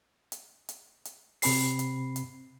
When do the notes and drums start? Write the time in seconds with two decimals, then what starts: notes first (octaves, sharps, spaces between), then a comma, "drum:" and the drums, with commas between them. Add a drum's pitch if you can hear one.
0.32 drum: hi-hat
0.69 drum: hi-hat
1.05 drum: hi-hat
1.42 C3 C4 B5 C7, drum: open hi-hat
1.79 drum: hi-hat
2.16 drum: hi-hat